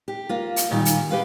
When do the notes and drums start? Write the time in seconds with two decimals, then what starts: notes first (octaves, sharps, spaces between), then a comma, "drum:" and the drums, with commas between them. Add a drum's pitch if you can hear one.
0.08 G4
0.29 A#3 F4
0.56 drum: hi-hat
0.71 A#2 D#3 G3 F4
0.85 drum: hi-hat
1.10 G4 B4 F5